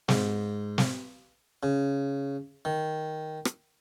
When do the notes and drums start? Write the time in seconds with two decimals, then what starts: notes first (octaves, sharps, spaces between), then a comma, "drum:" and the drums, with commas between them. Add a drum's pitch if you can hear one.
0.09 G#2, drum: snare
0.78 drum: snare
1.63 C#3
2.65 D#3
3.45 drum: rim click